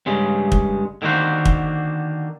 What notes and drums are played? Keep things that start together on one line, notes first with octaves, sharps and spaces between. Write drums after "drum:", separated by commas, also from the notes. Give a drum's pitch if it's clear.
G2 C#3 G#3
drum: kick
D3 D#3 A#3 F#4 C5
drum: kick